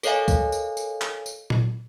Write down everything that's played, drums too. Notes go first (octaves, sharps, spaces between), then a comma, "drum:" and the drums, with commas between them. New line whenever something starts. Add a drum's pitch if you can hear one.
A4 A#4 C#5 D#5 F5 G#5, drum: tambourine
drum: kick, tambourine
drum: tambourine
drum: tambourine
drum: clap
drum: tambourine
drum: tom A#2